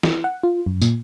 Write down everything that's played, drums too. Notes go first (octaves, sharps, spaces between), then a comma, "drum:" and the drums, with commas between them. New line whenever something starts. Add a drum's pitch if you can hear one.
drum: snare
F#5
F4
F#2
A#2, drum: tambourine